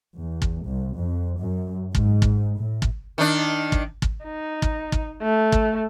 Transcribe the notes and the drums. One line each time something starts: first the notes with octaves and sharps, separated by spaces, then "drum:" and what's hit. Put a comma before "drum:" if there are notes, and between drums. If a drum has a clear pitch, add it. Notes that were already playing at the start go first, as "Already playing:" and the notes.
E2
drum: kick
C2
F2
F#2
G#2, drum: kick
drum: kick
A2
drum: kick
D#3 D4
drum: kick
drum: kick
D#4
drum: kick
drum: kick
A3
drum: kick